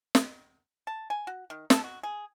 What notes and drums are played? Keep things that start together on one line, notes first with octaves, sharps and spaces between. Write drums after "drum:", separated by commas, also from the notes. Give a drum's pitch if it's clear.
drum: snare
A5
G#5
F#4
D#3
A4, drum: snare
F#4
G#4